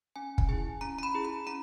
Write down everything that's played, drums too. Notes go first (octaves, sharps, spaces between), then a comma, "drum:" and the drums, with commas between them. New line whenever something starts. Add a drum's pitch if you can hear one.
C#4 G#5
drum: kick
E4 G#4 G#5
C#4 A#5
A#5
B5
E4 G#4
B5
C#4 A#5